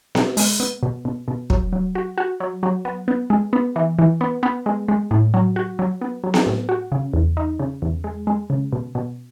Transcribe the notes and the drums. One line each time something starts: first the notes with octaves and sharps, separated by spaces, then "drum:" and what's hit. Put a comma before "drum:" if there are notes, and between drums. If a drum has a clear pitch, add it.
B2, drum: snare B3
G#3, drum: open hi-hat
B3
B2
B2
B2
F#3, drum: kick
F#3
F#4
F#4
F#3
F#3
B3
B3
G#3
B3
E3
E3
B3
B3
G#3
G#3
A2
F#3
F#4
F#3
B3
F#3
drum: snare B3
A2
F#4
C#3
E2
D#4
C#3
E2
G#3
G#3
C#3
B2
B2